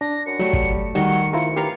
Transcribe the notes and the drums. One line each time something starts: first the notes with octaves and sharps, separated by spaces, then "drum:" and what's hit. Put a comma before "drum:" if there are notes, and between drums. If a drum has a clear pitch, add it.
D4 A#6
F#2 C#7
F#3 G3 A3
drum: kick
D#3 G3 F#4 D#5 C#7
G#2 E4 F4 A#4
E3 F4 G4 A#4 C#5 F5